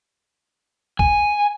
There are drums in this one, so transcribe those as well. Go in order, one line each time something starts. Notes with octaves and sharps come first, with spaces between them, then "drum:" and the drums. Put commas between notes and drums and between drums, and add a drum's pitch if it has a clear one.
G#5, drum: kick